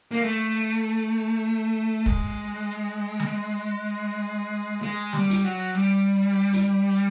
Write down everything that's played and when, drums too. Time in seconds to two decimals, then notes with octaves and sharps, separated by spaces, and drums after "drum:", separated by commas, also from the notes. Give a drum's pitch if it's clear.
0.11 A#3
0.22 A3
2.06 G#3, drum: kick
3.20 drum: snare
4.82 G#3
5.13 G3, drum: snare
5.30 drum: open hi-hat
5.44 F#3
5.75 G3
6.53 drum: open hi-hat